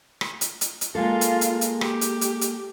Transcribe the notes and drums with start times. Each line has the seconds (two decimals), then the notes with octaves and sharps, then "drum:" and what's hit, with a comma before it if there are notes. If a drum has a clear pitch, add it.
0.21 drum: rim click
0.41 drum: hi-hat
0.61 drum: hi-hat
0.81 drum: hi-hat
0.95 G#3 A#3 F4 A4
1.21 drum: hi-hat
1.41 drum: hi-hat
1.61 drum: hi-hat
1.81 G4, drum: rim click
2.01 drum: hi-hat
2.21 drum: hi-hat
2.41 drum: hi-hat